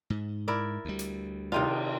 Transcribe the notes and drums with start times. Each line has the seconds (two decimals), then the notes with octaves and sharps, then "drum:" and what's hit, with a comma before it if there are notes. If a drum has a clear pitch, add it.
0.10 G#2
0.48 E4 A#4 D5
0.85 D2 G3
0.99 drum: hi-hat
1.52 C3 D#3 F4, drum: cymbal